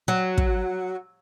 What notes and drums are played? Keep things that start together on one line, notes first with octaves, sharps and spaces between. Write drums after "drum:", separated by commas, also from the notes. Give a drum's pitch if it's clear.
F#3
drum: kick